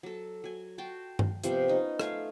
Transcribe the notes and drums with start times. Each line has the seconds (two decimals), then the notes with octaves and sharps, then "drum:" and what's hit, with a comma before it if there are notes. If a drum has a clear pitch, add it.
0.03 F#3 A4
0.44 F#3 G#5
0.78 F#4 G5 A5 C6
1.19 drum: tom G2
1.44 C3 F3 G3 B3, drum: hi-hat
1.68 C#4 D#4
2.00 A3 F4 F5 G#5, drum: rim click